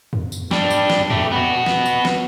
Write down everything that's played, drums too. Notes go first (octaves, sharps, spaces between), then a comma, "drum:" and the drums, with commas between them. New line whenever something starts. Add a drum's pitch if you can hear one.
drum: tom E2
drum: tambourine
G3 D4, drum: snare
drum: tambourine
drum: snare
A3 G4, drum: tom E2
B3 F#4
drum: snare
drum: tambourine
drum: snare